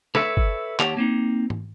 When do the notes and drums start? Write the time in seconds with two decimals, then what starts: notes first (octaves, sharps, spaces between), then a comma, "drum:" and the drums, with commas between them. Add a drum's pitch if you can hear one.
0.15 A4 B4 C#5 E5, drum: snare
0.37 drum: kick G1
0.79 D#2 G4 C#5 F#5 A5, drum: clap
0.97 A#3 C4 D#4
1.50 drum: tom G#2